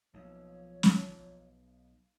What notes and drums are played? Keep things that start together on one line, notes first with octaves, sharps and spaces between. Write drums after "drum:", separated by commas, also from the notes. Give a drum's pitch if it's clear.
B1 F3 A#3 D#4 C#5 F5
drum: snare